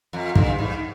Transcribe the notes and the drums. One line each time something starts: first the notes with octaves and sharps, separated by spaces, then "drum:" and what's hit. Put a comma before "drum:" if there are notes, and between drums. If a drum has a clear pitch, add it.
F2
G2, drum: kick
G#2